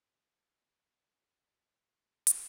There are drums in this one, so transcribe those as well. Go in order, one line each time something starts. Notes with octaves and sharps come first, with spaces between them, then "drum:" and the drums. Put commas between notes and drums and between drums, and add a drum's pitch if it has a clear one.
E1 A1 A#2
drum: hi-hat